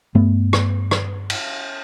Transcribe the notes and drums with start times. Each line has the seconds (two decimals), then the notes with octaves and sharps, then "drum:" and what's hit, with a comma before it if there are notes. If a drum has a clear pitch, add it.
0.15 G2 A3 B3
0.53 drum: rim click
0.91 drum: rim click
1.30 drum: cymbal